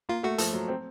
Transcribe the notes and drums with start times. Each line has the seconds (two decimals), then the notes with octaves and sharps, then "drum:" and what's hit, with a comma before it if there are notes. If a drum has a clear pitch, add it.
0.09 A#3 F4
0.23 A3 F#4
0.38 F3 A4, drum: hi-hat
0.53 F#3
0.68 C4